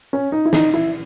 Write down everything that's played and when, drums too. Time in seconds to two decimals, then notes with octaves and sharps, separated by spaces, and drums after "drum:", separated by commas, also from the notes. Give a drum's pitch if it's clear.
0.13 C#4
0.32 D#4
0.45 E4
0.53 D#4, drum: snare
0.74 E4